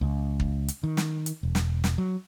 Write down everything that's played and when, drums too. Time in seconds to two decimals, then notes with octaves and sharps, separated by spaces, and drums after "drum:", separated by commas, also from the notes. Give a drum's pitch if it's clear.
0.01 C#2
0.40 drum: kick
0.68 drum: hi-hat
0.83 D#3
0.97 drum: snare
1.26 drum: hi-hat
1.43 E1
1.55 drum: snare
1.84 drum: snare
1.98 F#3